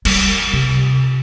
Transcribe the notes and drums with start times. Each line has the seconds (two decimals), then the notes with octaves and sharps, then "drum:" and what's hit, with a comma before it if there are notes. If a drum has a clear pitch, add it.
0.05 G3, drum: cymbal
0.53 C3